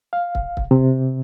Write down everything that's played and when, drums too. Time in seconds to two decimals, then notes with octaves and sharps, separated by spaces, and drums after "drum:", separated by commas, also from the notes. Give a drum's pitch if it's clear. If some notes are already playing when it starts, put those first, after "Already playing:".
0.13 F5
0.35 drum: kick
0.57 drum: kick
0.71 C3